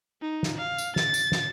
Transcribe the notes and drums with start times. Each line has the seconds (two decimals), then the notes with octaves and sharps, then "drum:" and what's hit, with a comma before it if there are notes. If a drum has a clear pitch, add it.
0.22 D#4
0.43 drum: snare
0.58 F5
0.78 drum: tambourine
0.96 A6, drum: snare
1.14 drum: tambourine
1.32 drum: snare